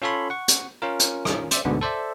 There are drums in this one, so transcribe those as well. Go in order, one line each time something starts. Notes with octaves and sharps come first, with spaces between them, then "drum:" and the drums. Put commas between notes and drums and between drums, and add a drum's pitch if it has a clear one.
C#4 F4 A4 C#5 B5 C6
F#5 C#6
drum: hi-hat
C#4 F4 A#4
drum: hi-hat
drum: rim click
C5 D5 E5, drum: hi-hat
D2 G#2 B2 D3 B3
A4 C5 D5 E5